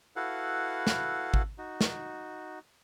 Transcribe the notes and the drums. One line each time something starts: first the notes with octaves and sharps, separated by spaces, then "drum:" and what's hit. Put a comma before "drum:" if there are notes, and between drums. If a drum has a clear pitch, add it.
E4 F#4 A4 B4 F5 F#5
drum: snare
drum: kick
D#4 F#4
drum: snare